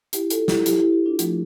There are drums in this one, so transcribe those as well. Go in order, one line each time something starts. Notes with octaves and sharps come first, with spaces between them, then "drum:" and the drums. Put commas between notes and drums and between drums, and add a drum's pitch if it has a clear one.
E4 G4, drum: hi-hat
F4 A4, drum: hi-hat
E4 G4, drum: snare
E4 G4, drum: hi-hat
E4 G4
E4 G4
D4 F4
F3 A3, drum: hi-hat